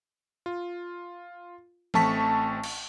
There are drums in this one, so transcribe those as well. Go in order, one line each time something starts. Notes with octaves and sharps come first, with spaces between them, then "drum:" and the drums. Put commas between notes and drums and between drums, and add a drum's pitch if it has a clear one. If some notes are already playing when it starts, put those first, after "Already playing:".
F4
A1 A3 C4 A5 C#6 B6, drum: tom E3
drum: cymbal